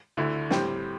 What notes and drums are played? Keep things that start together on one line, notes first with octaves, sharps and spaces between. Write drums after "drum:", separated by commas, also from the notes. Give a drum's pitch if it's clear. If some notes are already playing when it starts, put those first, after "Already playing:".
D2 D3 A3 E4
A2 G3 C4 G4, drum: snare